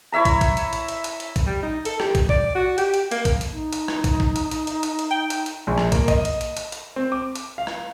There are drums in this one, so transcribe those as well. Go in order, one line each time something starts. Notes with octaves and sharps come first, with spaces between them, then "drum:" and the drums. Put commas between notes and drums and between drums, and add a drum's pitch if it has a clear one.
E4 C#5 E5 A#5
drum: kick, hi-hat
drum: kick, hi-hat
drum: hi-hat
drum: hi-hat
drum: hi-hat
drum: hi-hat
drum: hi-hat
drum: kick, hi-hat
G3
D#4
A4, drum: hi-hat
G4, drum: rim click
drum: kick, hi-hat
D5, drum: kick
F#4
G4, drum: hi-hat
drum: hi-hat
A#3, drum: hi-hat
drum: kick, hi-hat
drum: hi-hat
D#4
drum: hi-hat
drum: rim click
drum: kick, hi-hat
drum: kick
drum: hi-hat
drum: hi-hat
drum: hi-hat
drum: hi-hat
drum: hi-hat
G5
drum: hi-hat
drum: hi-hat
A#1
drum: rim click
A#3, drum: kick, hi-hat
D#5, drum: kick, hi-hat
drum: hi-hat
drum: hi-hat
drum: hi-hat
drum: hi-hat
C4
D6
drum: hi-hat
F5
drum: rim click